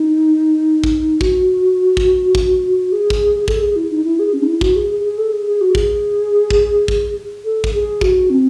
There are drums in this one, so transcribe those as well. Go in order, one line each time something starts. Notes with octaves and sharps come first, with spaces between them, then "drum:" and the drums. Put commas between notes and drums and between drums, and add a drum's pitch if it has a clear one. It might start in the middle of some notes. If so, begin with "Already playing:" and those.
Already playing: D#4
drum: kick
F#4, drum: kick
drum: kick
drum: kick
G#4
drum: kick
G#4
A4, drum: kick
G#4
E4
D#4
E4
G#4
C#4
D#4
E4
F#4, drum: kick
G#4
G#4
G#4
A4
G#4
G#4
F#4
G#4, drum: kick
drum: kick
drum: kick
A4
drum: kick
G#4
F#4, drum: kick
C4